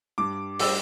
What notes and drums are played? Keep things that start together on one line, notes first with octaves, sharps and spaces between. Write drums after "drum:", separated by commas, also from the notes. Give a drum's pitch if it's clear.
G2 D6
G3 E6, drum: open hi-hat